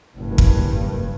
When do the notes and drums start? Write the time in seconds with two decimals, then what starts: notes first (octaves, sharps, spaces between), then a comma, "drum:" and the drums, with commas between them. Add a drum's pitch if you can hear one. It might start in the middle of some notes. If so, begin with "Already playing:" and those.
0.17 F#1 G2
0.38 drum: kick